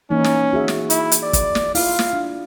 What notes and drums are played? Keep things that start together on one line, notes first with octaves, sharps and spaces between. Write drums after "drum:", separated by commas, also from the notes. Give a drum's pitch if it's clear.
E3 A#3 C#4 D#4
drum: snare
F#4 G#4 E5
drum: snare
E4, drum: hi-hat
drum: hi-hat
D5
drum: kick, hi-hat
drum: snare
E4 F4 F5, drum: open hi-hat
drum: snare
D4